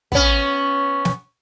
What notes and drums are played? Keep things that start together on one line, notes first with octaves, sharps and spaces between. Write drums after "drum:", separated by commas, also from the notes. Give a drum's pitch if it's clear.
B3 C#4, drum: kick
drum: snare